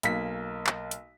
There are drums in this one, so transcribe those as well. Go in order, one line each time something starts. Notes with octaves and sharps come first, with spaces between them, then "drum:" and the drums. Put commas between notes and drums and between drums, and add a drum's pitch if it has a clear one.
B1 A#3 B6, drum: hi-hat
drum: clap
drum: hi-hat